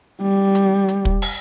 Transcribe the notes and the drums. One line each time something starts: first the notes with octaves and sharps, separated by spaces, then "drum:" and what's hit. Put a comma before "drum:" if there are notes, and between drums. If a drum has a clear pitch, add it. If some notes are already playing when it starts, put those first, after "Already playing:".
G3
drum: hi-hat
drum: hi-hat
drum: kick
drum: open hi-hat